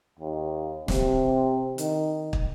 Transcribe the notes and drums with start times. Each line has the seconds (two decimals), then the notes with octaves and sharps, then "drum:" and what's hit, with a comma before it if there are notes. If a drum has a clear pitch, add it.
0.20 D#2
0.88 C3, drum: snare
1.78 D#3, drum: hi-hat
2.33 drum: kick